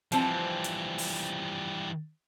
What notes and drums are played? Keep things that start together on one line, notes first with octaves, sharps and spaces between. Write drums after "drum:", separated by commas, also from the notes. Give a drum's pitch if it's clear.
E3 F3 G3 C4, drum: hi-hat
drum: hi-hat
drum: open hi-hat